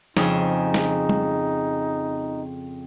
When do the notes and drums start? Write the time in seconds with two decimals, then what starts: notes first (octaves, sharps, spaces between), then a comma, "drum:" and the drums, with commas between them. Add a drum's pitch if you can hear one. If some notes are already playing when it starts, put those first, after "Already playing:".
0.17 F2 C#3 D#4 G#4, drum: snare
0.74 drum: snare
1.09 drum: tom G3